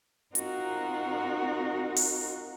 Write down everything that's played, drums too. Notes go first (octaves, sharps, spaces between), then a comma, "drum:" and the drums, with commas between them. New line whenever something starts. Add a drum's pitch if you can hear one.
C4 D#4 F4 F#4 A#4 F#5, drum: hi-hat
drum: open hi-hat